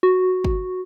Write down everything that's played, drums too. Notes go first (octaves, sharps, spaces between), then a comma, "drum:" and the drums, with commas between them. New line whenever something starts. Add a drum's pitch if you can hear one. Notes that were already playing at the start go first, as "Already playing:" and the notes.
F#4
drum: kick